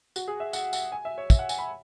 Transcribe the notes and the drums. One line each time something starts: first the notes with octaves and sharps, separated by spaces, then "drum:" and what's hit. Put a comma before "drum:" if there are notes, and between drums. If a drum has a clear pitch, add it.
F#4, drum: tambourine
G#4
E5
F#5, drum: tambourine
F#5, drum: tambourine
G#5
E5
C#5
E5, drum: kick, tambourine
F#5
G#5, drum: tambourine
B5